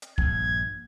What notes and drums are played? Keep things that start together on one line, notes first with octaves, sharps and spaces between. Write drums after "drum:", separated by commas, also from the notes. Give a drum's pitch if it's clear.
drum: hi-hat
A#1 G2 G#6, drum: kick